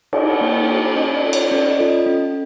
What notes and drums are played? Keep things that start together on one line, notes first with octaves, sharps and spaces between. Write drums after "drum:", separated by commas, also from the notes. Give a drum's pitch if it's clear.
D4 F#4, drum: cymbal
F#5
A#3 G5
D4 F#4 G#5
C#4 D#5
D5
F4 A4
C#5, drum: cymbal
C#4 D5
D5
D#5
F4 A4
D#5
C#4